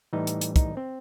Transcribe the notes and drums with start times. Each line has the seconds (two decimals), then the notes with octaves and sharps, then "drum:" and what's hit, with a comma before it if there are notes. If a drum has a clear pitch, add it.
0.13 A2 E3 G3 D#4
0.27 drum: hi-hat
0.41 drum: hi-hat
0.56 D#4, drum: kick, hi-hat
0.77 C4